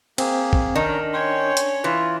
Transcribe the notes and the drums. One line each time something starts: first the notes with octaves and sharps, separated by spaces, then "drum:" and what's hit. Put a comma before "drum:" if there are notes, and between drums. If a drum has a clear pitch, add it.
A#3 C4 G#4, drum: cymbal
drum: kick
D#3 C#4 D4 A#5
C#4 C#5 G5 C6
drum: hi-hat
E3 F4